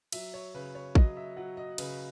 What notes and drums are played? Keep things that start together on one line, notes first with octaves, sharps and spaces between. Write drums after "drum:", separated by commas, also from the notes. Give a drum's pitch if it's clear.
F#3 E5, drum: cymbal
C#5
C#3 B4
C#5
F#3 D#5, drum: kick A1
E5
F#3 F#5
D#5
C#3 B4, drum: cymbal